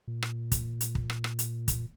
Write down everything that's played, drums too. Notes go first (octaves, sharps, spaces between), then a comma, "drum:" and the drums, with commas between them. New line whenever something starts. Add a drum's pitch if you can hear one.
A#2
drum: rim click
drum: kick, hi-hat
drum: hi-hat
drum: kick
drum: rim click
drum: rim click
drum: hi-hat
drum: kick, hi-hat